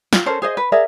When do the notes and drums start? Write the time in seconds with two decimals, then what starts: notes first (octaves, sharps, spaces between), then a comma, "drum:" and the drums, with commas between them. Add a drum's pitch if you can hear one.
0.13 F4, drum: snare
0.26 C#4 A4 A#4 C5
0.42 G#4 C5 D#5
0.57 B4
0.72 G#4 A#4 D5 E5